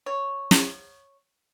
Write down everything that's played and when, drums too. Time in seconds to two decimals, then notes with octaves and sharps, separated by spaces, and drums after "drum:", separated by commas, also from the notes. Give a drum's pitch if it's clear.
0.06 C#5
0.51 drum: snare